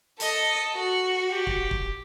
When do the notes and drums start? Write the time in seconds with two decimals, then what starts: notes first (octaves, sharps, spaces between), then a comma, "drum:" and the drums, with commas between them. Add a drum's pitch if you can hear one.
0.20 A4 D#5, drum: hi-hat
0.75 F#4
1.29 G4
1.47 drum: kick
1.71 drum: kick